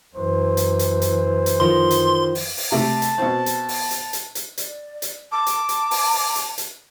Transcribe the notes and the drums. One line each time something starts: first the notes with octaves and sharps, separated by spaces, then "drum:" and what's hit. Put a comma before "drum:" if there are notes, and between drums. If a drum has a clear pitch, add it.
F#2 E3 C5
drum: hi-hat
drum: hi-hat
drum: hi-hat
drum: hi-hat
D#3 F3 A#4 C6
drum: hi-hat
drum: open hi-hat
drum: open hi-hat
C3 A3 A5
drum: hi-hat
B2 C4
drum: hi-hat
drum: open hi-hat
drum: hi-hat
drum: hi-hat
drum: hi-hat
D5, drum: hi-hat
drum: hi-hat
A5 D6
drum: hi-hat
drum: hi-hat
drum: open hi-hat
drum: open hi-hat
drum: hi-hat
drum: hi-hat